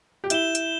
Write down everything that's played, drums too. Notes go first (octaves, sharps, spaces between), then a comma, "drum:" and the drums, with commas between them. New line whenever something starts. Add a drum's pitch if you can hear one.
G4
E4 G6 E7 G7, drum: hi-hat
drum: hi-hat